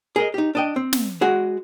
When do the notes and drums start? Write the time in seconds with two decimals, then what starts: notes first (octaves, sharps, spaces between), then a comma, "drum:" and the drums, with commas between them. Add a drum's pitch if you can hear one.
0.16 G#4 A#4 D#5
0.34 D#4 G4
0.55 D4 D#5 G5
0.76 C4
0.93 drum: snare
1.21 G#3 F#4 G#4